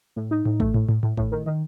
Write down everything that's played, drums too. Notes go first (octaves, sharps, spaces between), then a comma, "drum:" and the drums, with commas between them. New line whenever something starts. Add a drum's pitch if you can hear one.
A2
D#4
A2
A3, drum: kick A1
A2
A2
A2
A2, drum: kick A1
D#3
D#3